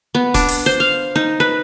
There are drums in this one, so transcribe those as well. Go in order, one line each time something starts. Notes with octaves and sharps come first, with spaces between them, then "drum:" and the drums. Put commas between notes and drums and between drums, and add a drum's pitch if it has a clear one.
B3
D4, drum: kick, hi-hat
drum: open hi-hat
C5
F5
D#4
B4